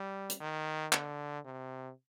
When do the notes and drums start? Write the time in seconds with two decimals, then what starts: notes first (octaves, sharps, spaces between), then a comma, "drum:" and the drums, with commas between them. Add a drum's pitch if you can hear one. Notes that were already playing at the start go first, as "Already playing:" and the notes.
Already playing: G3
0.30 drum: hi-hat
0.41 D#3
0.93 D3, drum: clap
1.45 C3